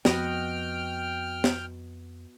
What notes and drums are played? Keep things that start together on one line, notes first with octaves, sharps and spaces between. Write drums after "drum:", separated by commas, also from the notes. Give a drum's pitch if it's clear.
F2 F3 B3 F#4 D#5 G5 F6, drum: snare
drum: snare